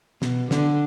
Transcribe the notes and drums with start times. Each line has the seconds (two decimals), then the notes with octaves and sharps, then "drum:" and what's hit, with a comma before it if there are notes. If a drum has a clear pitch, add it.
0.22 B2, drum: snare
0.51 D3, drum: snare